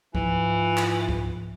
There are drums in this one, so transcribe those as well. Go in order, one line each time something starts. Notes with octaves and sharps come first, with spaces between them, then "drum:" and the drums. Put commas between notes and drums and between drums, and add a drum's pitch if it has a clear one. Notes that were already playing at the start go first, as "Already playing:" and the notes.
G#2 E3 F3 F4, drum: kick C#2
drum: clap
drum: kick C#2